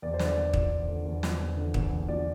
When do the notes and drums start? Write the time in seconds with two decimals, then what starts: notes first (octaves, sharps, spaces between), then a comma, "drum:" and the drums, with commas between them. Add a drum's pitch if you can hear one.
0.02 E2 D5
0.14 C5
0.19 D3, drum: snare
0.25 D5
0.37 E2
0.53 F3, drum: kick
0.71 D3
0.88 D3
1.05 E2
1.23 F3, drum: snare
1.40 E2
1.57 D3
1.74 E2, drum: kick
1.91 D3
2.08 F3 D5